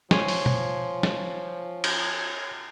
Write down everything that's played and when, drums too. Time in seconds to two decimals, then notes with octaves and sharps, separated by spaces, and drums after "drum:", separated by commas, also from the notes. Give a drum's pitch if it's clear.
0.11 F3 C#5 G#5 C6, drum: snare
0.28 drum: open hi-hat
0.46 drum: tom B2
1.03 drum: snare
1.84 drum: cymbal